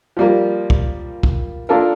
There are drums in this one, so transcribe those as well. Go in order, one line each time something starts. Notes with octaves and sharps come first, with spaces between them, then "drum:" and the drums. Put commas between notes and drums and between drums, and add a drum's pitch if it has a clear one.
F3 G3 A#3
drum: kick
drum: kick
A#3 D4 F4 A4 A#4